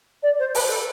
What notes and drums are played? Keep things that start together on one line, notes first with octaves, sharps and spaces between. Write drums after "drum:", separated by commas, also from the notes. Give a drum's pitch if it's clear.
D5
C5
B4, drum: open hi-hat
A4